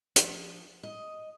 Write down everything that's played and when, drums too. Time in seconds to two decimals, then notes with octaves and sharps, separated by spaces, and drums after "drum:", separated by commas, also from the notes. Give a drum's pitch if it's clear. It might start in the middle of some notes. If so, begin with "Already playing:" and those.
0.16 F3, drum: hi-hat
0.83 D#5